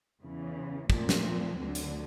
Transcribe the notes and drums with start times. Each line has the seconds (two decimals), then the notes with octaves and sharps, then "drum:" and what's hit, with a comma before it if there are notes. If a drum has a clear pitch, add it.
0.22 E2 C#3 E3
0.90 A#2 F3 A3 C4, drum: kick
1.09 drum: snare
1.58 D2 D3 F#3
1.75 drum: hi-hat